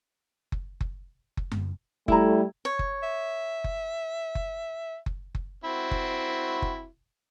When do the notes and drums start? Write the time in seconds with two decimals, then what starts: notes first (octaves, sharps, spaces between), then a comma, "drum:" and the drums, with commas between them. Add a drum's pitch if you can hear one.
0.52 drum: kick F#1
0.81 drum: kick F#1
1.37 drum: kick F#1
1.52 drum: tom F#2
2.08 G3 A3 E4 A#5, drum: kick F#1
2.65 C#5
2.79 drum: kick F#1
3.03 E5
3.64 drum: kick F#1
4.35 drum: kick F#1
5.06 drum: kick F#1
5.35 drum: kick F#1
5.64 C4 E4 F#4
5.91 drum: kick F#1
6.62 drum: kick F#1